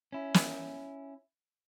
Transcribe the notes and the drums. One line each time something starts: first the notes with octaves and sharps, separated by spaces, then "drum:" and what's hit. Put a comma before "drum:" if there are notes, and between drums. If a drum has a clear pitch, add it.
C#4 E4
drum: snare